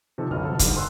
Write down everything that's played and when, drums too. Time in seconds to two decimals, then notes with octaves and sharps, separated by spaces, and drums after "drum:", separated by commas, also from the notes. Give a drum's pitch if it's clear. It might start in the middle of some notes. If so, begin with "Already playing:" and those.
0.18 C3 D#3 F3 D#4 A4
0.30 F#1 B1 B2 D3 D#5 F6
0.45 C3 E3 G3 A4
0.59 E2 G2 D3 G3 D#4, drum: kick, hi-hat
0.75 A4 C5 G#5 C6 E6 F#6